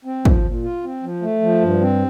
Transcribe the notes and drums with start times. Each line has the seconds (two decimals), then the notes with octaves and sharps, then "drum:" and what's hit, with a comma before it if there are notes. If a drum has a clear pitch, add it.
0.05 C4
0.25 F3, drum: kick
0.45 A#2
0.63 F4
0.84 C4
1.03 F3
1.22 A3
1.42 F3
1.62 G2
1.81 C4